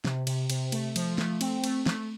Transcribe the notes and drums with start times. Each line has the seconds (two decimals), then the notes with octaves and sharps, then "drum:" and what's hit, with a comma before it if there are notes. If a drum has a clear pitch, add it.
0.05 C3, drum: snare
0.27 C3, drum: cymbal
0.50 C3, drum: cymbal
0.72 A3, drum: cymbal
0.96 F3, drum: cymbal
1.18 A3, drum: snare
1.41 C4, drum: cymbal
1.64 A3, drum: cymbal
1.86 A3, drum: snare